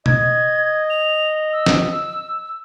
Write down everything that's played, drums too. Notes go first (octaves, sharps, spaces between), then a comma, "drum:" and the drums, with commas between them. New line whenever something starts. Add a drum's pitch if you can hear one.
D#5 G#6, drum: tom B2
F7
E6
drum: snare